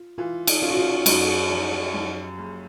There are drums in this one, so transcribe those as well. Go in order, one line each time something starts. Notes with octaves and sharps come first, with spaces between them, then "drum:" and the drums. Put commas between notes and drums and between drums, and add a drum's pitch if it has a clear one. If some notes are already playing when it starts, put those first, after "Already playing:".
Already playing: F4
E3 F4
drum: cymbal
C#4 F4
F#4
F4
F#2 F#4, drum: cymbal
G#4
F3 F#4
G4
F#2
F#1